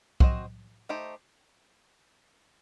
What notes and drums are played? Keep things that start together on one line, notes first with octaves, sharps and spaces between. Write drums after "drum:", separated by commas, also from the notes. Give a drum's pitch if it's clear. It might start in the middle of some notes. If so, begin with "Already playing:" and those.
C4 F#4 C5 D#5, drum: kick B1
A3 D#4 G4 C5